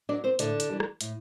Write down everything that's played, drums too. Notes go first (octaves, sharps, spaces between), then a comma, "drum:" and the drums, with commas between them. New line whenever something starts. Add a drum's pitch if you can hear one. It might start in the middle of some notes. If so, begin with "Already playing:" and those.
F#3 D4 D5
C4 C5
A2 D3 D4, drum: hi-hat
drum: hi-hat
E3 G3
drum: rim click
A2, drum: hi-hat